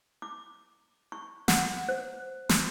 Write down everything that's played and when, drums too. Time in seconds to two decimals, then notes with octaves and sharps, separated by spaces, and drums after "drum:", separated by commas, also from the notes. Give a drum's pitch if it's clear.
0.22 D6
1.12 C#6
1.48 F#5, drum: snare
1.89 C5
2.49 C6, drum: snare